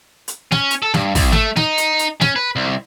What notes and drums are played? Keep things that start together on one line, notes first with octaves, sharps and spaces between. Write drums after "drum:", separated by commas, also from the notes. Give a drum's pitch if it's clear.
drum: hi-hat
C#4, drum: snare
drum: hi-hat
A4
G2, drum: snare
C2, drum: kick, open hi-hat
A3, drum: snare
D#4, drum: snare
drum: hi-hat
drum: hi-hat
C#4, drum: snare
B4
C2